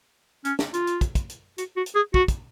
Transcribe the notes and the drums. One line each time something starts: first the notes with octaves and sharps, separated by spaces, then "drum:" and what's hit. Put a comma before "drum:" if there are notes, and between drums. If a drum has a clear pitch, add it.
C#4, drum: hi-hat
drum: snare
F4, drum: hi-hat
drum: hi-hat
drum: kick, hi-hat
drum: kick, hi-hat
drum: hi-hat
F#4, drum: hi-hat
F#4
drum: hi-hat
G#4
F#4, drum: kick
drum: kick, hi-hat